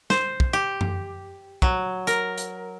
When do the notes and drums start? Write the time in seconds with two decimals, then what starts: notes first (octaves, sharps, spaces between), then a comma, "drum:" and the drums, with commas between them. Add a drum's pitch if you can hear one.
0.10 C5, drum: snare
0.40 drum: kick
0.53 G4
0.81 drum: tom F#2
1.62 F#3, drum: kick
2.07 A#4, drum: hi-hat
2.38 drum: hi-hat